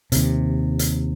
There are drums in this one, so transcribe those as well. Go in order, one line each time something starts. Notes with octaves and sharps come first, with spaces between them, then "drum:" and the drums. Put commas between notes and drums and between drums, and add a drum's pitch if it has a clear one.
D#2 C3, drum: hi-hat
drum: hi-hat